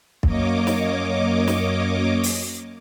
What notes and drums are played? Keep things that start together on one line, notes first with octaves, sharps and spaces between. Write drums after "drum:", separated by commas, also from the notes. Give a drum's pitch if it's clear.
F#2 A#3 C#5 D#5 D6, drum: kick
drum: snare
drum: snare
drum: open hi-hat